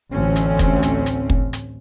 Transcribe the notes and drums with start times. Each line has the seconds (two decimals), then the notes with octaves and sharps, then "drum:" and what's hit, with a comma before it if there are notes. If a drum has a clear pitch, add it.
0.12 A1 D2 A3 C4 C#4
0.36 drum: hi-hat
0.59 drum: kick, hi-hat
0.83 drum: hi-hat
1.06 drum: hi-hat
1.30 drum: kick
1.53 drum: hi-hat